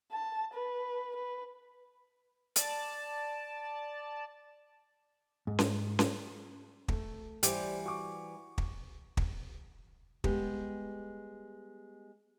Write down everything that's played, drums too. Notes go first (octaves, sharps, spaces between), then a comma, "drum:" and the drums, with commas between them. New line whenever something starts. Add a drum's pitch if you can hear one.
A5
B4
B4
D5 A5, drum: hi-hat
G#2
drum: snare C#4
drum: snare C#4
A3, drum: kick
E3 G3 G4 C5 D5, drum: hi-hat
F#4 C#6 D6
drum: kick
drum: kick
G3 G#3 B3 G4, drum: kick